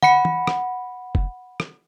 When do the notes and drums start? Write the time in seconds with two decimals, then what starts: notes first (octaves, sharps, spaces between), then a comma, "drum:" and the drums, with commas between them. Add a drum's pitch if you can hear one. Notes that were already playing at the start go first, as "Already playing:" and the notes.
0.03 F#5 B5 C#7, drum: tom
0.25 drum: tom
0.47 drum: rim click
1.15 drum: kick
1.60 drum: rim click